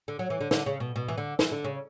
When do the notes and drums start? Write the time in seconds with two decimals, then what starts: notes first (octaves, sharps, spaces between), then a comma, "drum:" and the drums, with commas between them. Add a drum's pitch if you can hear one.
0.08 D3
0.19 F#3
0.30 E3
0.41 D3
0.51 D3, drum: snare
0.66 C#3
0.80 B2
0.96 B2
1.08 E3
1.18 D3
1.39 E3, drum: snare
1.52 D3
1.64 C#3